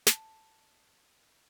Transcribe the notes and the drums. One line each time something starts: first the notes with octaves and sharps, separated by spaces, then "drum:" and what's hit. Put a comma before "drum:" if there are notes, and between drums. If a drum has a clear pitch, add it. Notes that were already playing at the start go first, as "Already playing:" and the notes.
A5, drum: snare